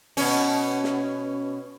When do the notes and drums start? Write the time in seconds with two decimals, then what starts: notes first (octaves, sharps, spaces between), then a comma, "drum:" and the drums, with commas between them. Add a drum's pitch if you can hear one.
0.17 B2 C#4, drum: open hi-hat
0.84 drum: snare